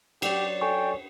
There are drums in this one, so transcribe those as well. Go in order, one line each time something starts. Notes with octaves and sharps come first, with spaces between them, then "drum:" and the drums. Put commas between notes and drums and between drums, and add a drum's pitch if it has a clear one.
F#3 G4 C#5 D5, drum: cymbal
A4 G5 G#5 C#6